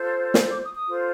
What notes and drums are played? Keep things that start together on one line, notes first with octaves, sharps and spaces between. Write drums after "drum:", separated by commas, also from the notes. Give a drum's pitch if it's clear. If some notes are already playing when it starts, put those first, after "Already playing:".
Already playing: F4 A4 C5
drum: snare
D6
D#6
D#6
F4 A4 C5